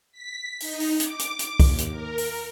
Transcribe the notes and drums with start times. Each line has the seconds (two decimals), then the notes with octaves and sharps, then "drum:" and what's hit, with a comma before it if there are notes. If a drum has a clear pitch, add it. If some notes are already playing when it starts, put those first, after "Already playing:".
0.12 B6
0.60 D#4, drum: open hi-hat
0.80 drum: open hi-hat
1.00 D6, drum: hi-hat
1.19 drum: hi-hat
1.39 drum: hi-hat
1.60 D#2, drum: kick C2, open hi-hat
1.78 drum: hi-hat
1.91 A#4
2.18 drum: open hi-hat